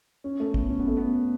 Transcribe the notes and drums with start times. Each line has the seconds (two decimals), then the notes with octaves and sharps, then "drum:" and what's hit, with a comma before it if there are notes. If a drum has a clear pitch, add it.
0.24 C#4
0.40 A3
0.54 B3, drum: kick
0.69 C#4
0.79 B3
0.88 A3
0.97 B3